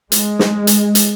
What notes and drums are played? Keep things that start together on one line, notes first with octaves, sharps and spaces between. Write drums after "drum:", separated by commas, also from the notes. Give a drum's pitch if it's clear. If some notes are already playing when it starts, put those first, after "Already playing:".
G#3, drum: hi-hat
drum: snare
drum: hi-hat
drum: hi-hat